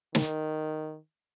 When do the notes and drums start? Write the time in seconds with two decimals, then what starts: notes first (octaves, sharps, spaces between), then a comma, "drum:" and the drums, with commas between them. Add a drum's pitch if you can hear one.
0.15 D#3, drum: snare